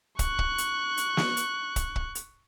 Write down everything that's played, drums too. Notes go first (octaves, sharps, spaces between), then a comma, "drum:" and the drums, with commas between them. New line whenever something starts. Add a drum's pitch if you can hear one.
C#6 F#6, drum: kick, hi-hat
drum: kick
drum: hi-hat
drum: hi-hat
drum: snare
drum: hi-hat
drum: kick, hi-hat
drum: kick
drum: hi-hat